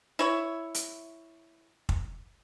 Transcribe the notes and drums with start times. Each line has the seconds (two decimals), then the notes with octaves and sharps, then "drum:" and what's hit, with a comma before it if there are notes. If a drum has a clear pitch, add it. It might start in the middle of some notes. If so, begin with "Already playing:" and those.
0.19 E4 C#5
0.74 drum: hi-hat
1.89 drum: kick